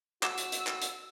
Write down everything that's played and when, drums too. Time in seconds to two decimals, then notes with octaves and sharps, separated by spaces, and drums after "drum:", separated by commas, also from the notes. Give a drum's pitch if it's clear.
0.23 F#4 D6 E6 E7, drum: clap
0.38 drum: hi-hat
0.52 drum: hi-hat
0.67 drum: clap
0.82 drum: hi-hat